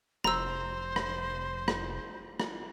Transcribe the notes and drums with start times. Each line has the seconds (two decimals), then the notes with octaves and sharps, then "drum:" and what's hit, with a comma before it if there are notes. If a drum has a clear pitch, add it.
0.24 F1 C5 A#5 E6, drum: rim click
0.96 drum: rim click
1.68 drum: rim click
2.40 drum: rim click